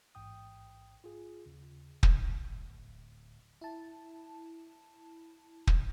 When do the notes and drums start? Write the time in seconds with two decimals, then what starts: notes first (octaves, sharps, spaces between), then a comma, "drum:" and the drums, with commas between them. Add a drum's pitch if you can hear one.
0.15 A1 G#2 G5 D#6
1.04 F4 G#4
1.46 D#2 C#3
2.03 drum: kick
2.33 D1
3.61 E4 A5
5.67 drum: kick